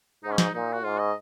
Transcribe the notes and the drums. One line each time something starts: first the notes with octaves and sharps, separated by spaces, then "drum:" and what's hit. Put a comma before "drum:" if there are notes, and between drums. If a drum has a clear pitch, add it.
G#2 D#4
C#4
D#4, drum: snare
A#2 D#4
F#4
G#2 F4
D#5